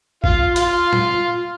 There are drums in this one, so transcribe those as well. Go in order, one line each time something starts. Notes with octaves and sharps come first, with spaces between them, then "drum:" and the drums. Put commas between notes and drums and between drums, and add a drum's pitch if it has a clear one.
F4 F5, drum: kick
F4 F5 C6, drum: hi-hat
drum: tom